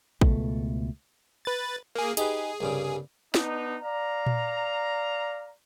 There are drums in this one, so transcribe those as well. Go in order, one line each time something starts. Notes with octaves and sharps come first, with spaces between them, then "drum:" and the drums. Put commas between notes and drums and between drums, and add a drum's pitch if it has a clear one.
C#2 B2 A3, drum: kick A1
B4 A6
A#3 G#4
D#4 G4 G#4 B4, drum: hi-hat
C2 G2 C#3
B3 D4 D#4, drum: snare
D5 F5 A#5
drum: tom A#2